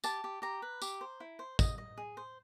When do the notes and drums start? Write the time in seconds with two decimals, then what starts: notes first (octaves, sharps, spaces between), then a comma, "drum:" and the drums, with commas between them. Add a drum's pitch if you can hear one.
0.04 G4 A5, drum: tambourine
0.24 G4
0.42 G4 A#5
0.62 B4
0.82 G4, drum: tambourine
1.01 C5
1.20 E4
1.39 C5
1.59 D#5, drum: kick, tambourine
1.78 D#5
1.98 G#4
2.17 C5